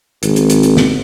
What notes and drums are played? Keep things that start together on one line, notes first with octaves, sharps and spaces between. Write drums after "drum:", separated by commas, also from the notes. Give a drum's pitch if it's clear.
G#1, drum: hi-hat
drum: hi-hat
drum: hi-hat
drum: hi-hat
drum: snare